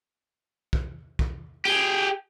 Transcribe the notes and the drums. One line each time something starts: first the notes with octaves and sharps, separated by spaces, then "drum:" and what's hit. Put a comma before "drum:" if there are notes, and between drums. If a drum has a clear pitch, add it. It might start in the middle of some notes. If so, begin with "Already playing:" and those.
drum: kick
drum: kick
G4 G#4